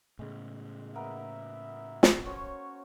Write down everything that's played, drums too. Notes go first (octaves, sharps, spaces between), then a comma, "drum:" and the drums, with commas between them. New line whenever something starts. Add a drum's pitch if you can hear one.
A2 C#3 G#3
A#3 B3 A#4 E5
drum: snare
C#4 F#4 C5 C#5